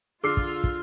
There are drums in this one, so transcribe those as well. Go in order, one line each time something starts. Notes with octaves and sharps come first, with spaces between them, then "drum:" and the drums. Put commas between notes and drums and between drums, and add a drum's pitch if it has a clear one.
D3 F4 G#4 E6 F6 C7
drum: kick
drum: kick